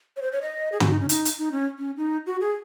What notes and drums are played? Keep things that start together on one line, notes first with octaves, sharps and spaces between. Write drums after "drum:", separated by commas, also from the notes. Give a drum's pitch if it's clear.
C#5
C5
C#5
D#5
G#4
F#4, drum: tom
D#4
C#4
D#4, drum: hi-hat
drum: hi-hat
D#4
C#4
C#4
D#4
F#4
G#4